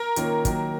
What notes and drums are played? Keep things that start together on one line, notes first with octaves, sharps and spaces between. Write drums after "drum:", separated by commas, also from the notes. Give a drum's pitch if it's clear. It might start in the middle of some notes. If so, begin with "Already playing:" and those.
Already playing: A#4
D#3 A#3 C#4 F4, drum: hi-hat
D#3 F#3 A#3, drum: kick, hi-hat